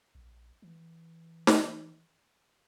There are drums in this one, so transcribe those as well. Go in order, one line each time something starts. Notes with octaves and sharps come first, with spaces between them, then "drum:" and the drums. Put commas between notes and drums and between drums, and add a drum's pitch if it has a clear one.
A#1
E3
drum: snare